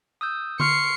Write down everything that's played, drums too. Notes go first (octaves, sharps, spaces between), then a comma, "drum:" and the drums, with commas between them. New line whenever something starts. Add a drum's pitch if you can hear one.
D#6 E6 G6
C6 C#6 F6 C7 C#7, drum: tom D3